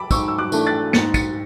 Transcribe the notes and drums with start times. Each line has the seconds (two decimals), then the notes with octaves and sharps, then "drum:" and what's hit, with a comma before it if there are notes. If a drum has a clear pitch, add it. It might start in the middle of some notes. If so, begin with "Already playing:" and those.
Already playing: A5 B5 D6
0.11 G#2 C#6 E6, drum: kick, tambourine
0.28 E6
0.38 D6 F#6
0.52 E3 A3 D4, drum: tambourine
0.66 F#6 A6
0.93 G#2 A6 C#7, drum: snare
1.14 A6 C#7, drum: kick, tambourine